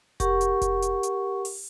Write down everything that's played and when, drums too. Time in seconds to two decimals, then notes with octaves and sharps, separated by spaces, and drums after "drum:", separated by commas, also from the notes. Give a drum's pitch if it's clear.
0.20 G4 A#4 F#5 C#6, drum: kick F1, hi-hat
0.41 drum: hi-hat
0.62 drum: kick F1, hi-hat
0.82 drum: hi-hat
1.03 drum: hi-hat
1.45 drum: open hi-hat